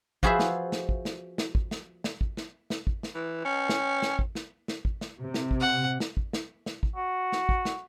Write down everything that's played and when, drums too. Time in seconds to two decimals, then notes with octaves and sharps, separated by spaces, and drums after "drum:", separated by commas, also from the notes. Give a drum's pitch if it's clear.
0.23 F3 F#4 G#4 B4 C5 E5, drum: kick
0.39 drum: snare
0.72 drum: snare
0.89 drum: kick
1.05 drum: snare
1.38 drum: snare
1.55 drum: kick
1.71 drum: snare
2.04 drum: snare
2.21 drum: kick
2.37 drum: snare
2.70 drum: snare
2.87 drum: kick
3.03 drum: snare
3.15 E3
3.45 C#4
3.69 drum: snare
4.02 drum: snare
4.19 drum: kick
4.35 drum: snare
4.68 drum: snare
4.85 drum: kick
5.01 drum: snare
5.19 C3
5.34 drum: snare
5.51 drum: kick
5.60 F#5
6.00 drum: snare
6.17 drum: kick
6.33 drum: snare
6.66 drum: snare
6.83 drum: kick
6.96 F#4
7.32 drum: snare
7.49 drum: kick
7.65 drum: snare